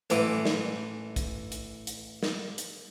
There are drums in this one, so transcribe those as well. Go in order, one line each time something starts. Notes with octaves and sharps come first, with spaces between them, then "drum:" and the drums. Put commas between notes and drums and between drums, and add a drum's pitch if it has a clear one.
A1 E3 D6, drum: hi-hat
drum: snare
drum: kick, hi-hat
drum: hi-hat
drum: hi-hat
drum: snare
drum: hi-hat